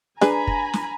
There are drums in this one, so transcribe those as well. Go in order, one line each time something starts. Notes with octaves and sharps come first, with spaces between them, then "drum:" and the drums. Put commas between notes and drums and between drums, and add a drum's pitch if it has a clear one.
D4 G#4 B4 G#5 A#5 B5, drum: snare
drum: kick
drum: snare